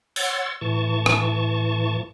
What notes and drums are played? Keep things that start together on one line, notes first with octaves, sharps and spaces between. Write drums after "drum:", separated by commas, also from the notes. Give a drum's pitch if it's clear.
C#5 F#5 C6 E6 A6, drum: open hi-hat
A2 E3 A5 C#6
drum: rim click